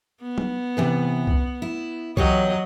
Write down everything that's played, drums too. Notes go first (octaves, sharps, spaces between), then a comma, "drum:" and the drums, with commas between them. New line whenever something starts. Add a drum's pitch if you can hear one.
B3
drum: tom
C3 E3 B4
drum: kick C2
E4
E2 F#3 G4 C#5 D#5, drum: kick C2